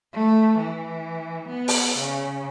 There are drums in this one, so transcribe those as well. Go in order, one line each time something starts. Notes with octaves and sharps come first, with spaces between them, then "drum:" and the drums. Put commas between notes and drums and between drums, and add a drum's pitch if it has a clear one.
A3
E3
B3
drum: open hi-hat
C#3